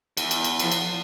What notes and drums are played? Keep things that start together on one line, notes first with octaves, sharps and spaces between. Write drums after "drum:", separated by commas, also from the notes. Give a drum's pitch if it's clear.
E2, drum: cymbal
drum: cymbal
drum: cymbal
F3, drum: cymbal
drum: cymbal